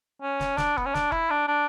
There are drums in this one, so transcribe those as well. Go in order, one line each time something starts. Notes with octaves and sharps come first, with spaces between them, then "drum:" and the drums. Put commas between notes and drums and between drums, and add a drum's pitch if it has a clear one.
C#4
drum: snare
D4, drum: snare
B3, drum: kick F1
C#4
D4, drum: snare
E4, drum: kick F1
D4
D4